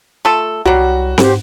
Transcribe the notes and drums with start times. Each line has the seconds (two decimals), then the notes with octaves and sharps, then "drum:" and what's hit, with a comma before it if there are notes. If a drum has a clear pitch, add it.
0.25 A3 F4 A4
0.66 C2 F#3 G3 F#4
1.18 G#2 G4 C5, drum: snare C4